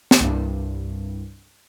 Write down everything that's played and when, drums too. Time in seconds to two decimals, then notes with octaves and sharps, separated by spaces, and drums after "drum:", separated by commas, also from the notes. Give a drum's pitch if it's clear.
0.11 drum: snare
0.20 C2 G2